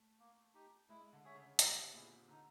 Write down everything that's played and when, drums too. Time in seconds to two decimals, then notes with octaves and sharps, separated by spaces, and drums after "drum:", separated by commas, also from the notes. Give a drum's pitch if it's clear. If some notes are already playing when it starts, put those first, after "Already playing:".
Already playing: A3
0.19 A#3
0.54 D#4 G4
0.89 G#3 E4
1.13 D3
1.24 G#4 C#5 E5
1.35 C#3
1.59 C3 G3, drum: hi-hat
1.93 A#2 B3 E4 G#4
2.29 D3 D#4